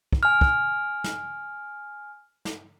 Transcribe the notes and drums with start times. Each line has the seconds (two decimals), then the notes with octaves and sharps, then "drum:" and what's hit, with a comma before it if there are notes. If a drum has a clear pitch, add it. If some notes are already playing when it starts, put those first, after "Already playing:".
0.13 drum: kick
0.23 G#5 F6
0.41 drum: kick
1.04 drum: snare
2.45 drum: snare